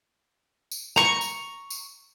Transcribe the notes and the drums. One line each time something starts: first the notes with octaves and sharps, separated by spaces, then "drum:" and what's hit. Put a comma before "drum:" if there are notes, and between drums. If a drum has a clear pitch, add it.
drum: tambourine
A#5 C#6, drum: snare
drum: tambourine
drum: tambourine